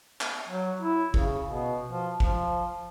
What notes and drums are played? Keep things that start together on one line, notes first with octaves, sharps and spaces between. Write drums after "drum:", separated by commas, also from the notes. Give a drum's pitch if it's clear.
drum: clap
F#3
E4
C#3, drum: kick
B2
F3
F3, drum: kick